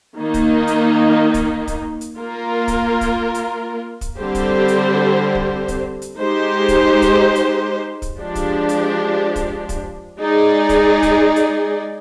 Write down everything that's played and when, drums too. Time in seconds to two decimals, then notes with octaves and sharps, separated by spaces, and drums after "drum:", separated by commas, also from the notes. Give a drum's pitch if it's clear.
0.17 D#3 A#3 D#4
0.34 drum: kick, hi-hat
0.67 drum: hi-hat
1.34 drum: kick, hi-hat
1.68 drum: kick, hi-hat
2.01 drum: hi-hat
2.18 A#3 F4 A#4
2.68 drum: kick, hi-hat
3.01 drum: kick, hi-hat
3.35 drum: hi-hat
4.01 drum: kick, hi-hat
4.18 D3 G3 C4 G4 C5
4.35 drum: kick, hi-hat
4.68 drum: hi-hat
5.35 drum: kick
5.68 drum: kick, hi-hat
6.02 drum: hi-hat
6.18 G#3 D#4 G4 C5
6.68 drum: kick, hi-hat
7.02 drum: kick, hi-hat
7.35 drum: hi-hat
8.02 drum: kick, hi-hat
8.19 F3 G#3 D4 G4
8.35 drum: kick, hi-hat
8.69 drum: hi-hat
9.36 drum: kick, hi-hat
9.69 drum: kick, hi-hat
10.19 G#3 D#4 G#4 D5
10.69 drum: kick, hi-hat
11.03 drum: kick, hi-hat
11.36 drum: hi-hat